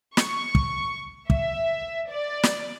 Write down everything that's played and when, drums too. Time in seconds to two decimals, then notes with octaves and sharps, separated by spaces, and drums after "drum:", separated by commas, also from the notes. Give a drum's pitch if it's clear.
0.17 C#6, drum: snare
0.55 drum: kick
1.30 E5, drum: kick
2.10 D5
2.43 drum: snare